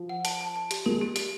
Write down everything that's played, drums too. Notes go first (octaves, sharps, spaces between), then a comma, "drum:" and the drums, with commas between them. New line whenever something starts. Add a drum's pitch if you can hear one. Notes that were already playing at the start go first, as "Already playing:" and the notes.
Already playing: F3
F#5
A5, drum: hi-hat
A5
A5
G4, drum: hi-hat
G#3 A#4
G4
G4, drum: hi-hat